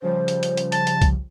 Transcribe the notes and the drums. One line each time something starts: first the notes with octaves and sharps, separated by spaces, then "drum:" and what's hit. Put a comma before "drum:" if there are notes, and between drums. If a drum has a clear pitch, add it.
C#3 F3 G3 C5
drum: hi-hat
drum: hi-hat
drum: hi-hat
A5, drum: hi-hat
drum: hi-hat
drum: kick C2, hi-hat